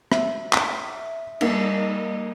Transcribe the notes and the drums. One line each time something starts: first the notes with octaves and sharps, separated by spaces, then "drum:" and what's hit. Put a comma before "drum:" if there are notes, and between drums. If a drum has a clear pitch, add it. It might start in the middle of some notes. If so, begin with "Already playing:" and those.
E5, drum: rim click
B6, drum: clap
G3 A#3 D#4 D#5, drum: cymbal